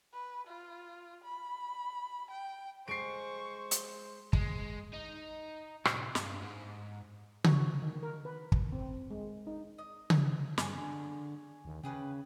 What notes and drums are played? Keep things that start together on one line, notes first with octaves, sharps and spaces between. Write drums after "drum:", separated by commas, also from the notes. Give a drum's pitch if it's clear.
B4
F4
B5
G5
G#3 C5 C#6 C7 D7
drum: hi-hat
G#3, drum: kick
D#4
A2 C3, drum: rim click
G2, drum: snare
G#2
F#4, drum: tom C#3
D#3
A#4
B4
drum: kick
C4
G#3
D#4
D#5
drum: tom C#3
G2 G#4 C#5, drum: snare
D3
D#2
C#3 G4 G#4 B4